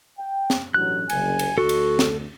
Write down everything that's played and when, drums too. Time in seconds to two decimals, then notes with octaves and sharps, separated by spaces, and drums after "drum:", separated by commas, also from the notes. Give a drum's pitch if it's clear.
0.19 G5
0.50 drum: snare
0.74 A1 G2 F#3 F#6
1.10 F#1 C2 G#5, drum: cymbal
1.39 drum: cymbal
1.58 D2 F#4 A4
1.69 drum: cymbal
1.99 drum: snare